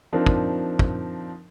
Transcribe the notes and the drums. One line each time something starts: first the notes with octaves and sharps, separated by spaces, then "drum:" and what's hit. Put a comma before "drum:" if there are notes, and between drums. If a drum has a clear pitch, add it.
F3 C4 D4 D#4 A#4
drum: kick
drum: kick